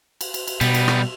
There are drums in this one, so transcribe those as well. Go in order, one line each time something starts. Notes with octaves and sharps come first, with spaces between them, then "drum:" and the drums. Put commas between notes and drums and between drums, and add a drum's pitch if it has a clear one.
drum: cymbal
drum: cymbal
drum: cymbal
B2 G3 B3, drum: cymbal
drum: cymbal
drum: rim click